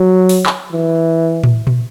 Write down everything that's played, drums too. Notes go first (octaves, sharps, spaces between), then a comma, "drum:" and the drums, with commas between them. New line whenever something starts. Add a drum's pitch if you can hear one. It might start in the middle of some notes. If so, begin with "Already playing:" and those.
Already playing: F#3
drum: open hi-hat
drum: clap
E3
drum: tom A2
drum: tom A#2